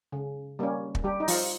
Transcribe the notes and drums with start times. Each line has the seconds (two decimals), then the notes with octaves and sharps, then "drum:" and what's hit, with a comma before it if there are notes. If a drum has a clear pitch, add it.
0.12 C#3
0.59 G3 A#3 C#4
0.95 drum: kick
1.04 G3 G4
1.20 D#4
1.28 F3 F4, drum: open hi-hat